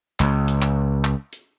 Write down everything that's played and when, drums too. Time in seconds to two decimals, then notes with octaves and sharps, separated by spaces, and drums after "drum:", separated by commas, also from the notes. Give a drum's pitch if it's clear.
0.20 C#2, drum: clap
0.48 drum: hi-hat
0.62 drum: clap
1.04 drum: clap
1.33 drum: hi-hat